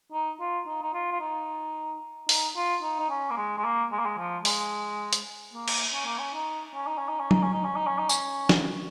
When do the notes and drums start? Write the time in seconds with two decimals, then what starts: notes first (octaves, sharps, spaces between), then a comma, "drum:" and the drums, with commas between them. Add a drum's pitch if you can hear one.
0.12 D#4
0.40 F4
0.67 D#4
0.82 D#4
0.94 F4
1.12 F4
1.20 D#4
2.29 D#4, drum: open hi-hat
2.56 F4
2.82 D#4
3.00 D#4
3.10 C#4
3.30 A#3
3.37 G#3
3.58 G#3
3.64 A#3
3.92 G#3
3.99 A#3
4.05 G#3
4.18 F3
4.45 G#3, drum: open hi-hat
5.13 drum: hi-hat
5.53 A#3
5.68 drum: cymbal
5.94 C#4
6.06 A#3
6.18 C#4
6.34 D#4
6.74 C#4
6.87 D#4
6.98 C#4
7.09 D#4
7.19 C#4
7.31 D#4, drum: tom F#3
7.43 C#4
7.53 D#4
7.64 C#4
7.76 D#4
7.87 C#4
7.98 D#4
8.09 C#4, drum: tambourine
8.49 drum: snare